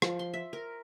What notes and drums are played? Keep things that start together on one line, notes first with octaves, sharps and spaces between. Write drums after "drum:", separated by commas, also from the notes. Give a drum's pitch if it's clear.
F3, drum: rim click
C6
E5
A#4